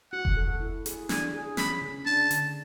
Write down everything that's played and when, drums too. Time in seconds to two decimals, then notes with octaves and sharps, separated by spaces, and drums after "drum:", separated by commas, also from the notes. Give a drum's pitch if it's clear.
0.12 F#4 F#5
0.25 drum: kick F1
0.37 A4
0.61 E4
0.86 G#4, drum: hi-hat
1.09 D4 G#5, drum: snare
1.33 G#4
1.57 C#4 B5, drum: snare
1.82 C#3
2.06 D4 A5
2.31 D3, drum: hi-hat